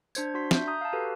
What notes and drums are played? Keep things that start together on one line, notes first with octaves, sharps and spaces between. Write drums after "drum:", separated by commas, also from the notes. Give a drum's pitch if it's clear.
D4 C5 G#6, drum: tambourine
D4 F#4 C6 B6
E5 G6, drum: snare
A#5 D#6 G6
F5 A5
F#4 G4 A4 B4